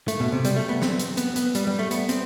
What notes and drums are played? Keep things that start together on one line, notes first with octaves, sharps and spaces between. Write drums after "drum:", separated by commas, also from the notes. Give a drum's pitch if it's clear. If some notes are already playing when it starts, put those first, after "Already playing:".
A3, drum: hi-hat
B2
C3
G3, drum: hi-hat
A3
B3
C4, drum: snare
drum: hi-hat
B3, drum: hi-hat
B3, drum: hi-hat
G3, drum: hi-hat
G3
A3
B3, drum: hi-hat
C4, drum: hi-hat